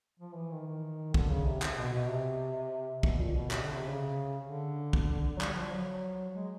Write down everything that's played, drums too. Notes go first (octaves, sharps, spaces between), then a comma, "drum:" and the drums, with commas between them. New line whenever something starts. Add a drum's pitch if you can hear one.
F3
E3
D#3
D#3
D3, drum: kick
C#3
C3
drum: clap
B2
B2
C3
B2, drum: kick
A#2
B2
C3, drum: clap
D3
C3
C#3
D3
drum: kick
F#3
G3, drum: clap
F3
F#3
G#3